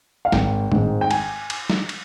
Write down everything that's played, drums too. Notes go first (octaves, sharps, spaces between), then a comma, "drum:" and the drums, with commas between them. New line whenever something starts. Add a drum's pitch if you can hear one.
F5
G#1 G5, drum: snare
G#2 D#3 G#3 C4, drum: tom A2
G5
G#5, drum: cymbal
drum: cymbal
drum: snare
drum: cymbal